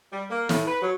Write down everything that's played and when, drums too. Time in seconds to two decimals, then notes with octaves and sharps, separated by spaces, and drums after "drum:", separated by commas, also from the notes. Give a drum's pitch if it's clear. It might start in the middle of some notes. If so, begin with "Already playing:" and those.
0.12 G3
0.30 A#3
0.49 A2, drum: snare
0.67 B4
0.82 F#3